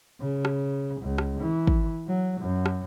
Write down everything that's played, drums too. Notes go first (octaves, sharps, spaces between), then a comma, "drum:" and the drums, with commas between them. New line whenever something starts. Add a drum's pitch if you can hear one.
C#3
drum: rim click
C#2
drum: rim click
E3
drum: kick
F#3
F#2
drum: rim click